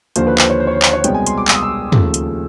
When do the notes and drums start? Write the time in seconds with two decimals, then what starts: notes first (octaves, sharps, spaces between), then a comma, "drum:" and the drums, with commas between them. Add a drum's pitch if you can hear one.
0.16 D#2 D3 F3 A#3 C5, drum: hi-hat
0.27 B4
0.38 C5, drum: clap
0.50 C#5
0.60 C5
0.67 C#5
0.71 C5
0.82 C5, drum: clap
0.93 C#5
1.04 C2 B2 G#3 B3 G5, drum: hi-hat
1.14 G#5
1.27 C6, drum: hi-hat
1.37 D6
1.48 E6, drum: clap
1.55 D#6
1.63 E6
1.92 D#2 C#3 F3 A3, drum: tom
2.14 drum: hi-hat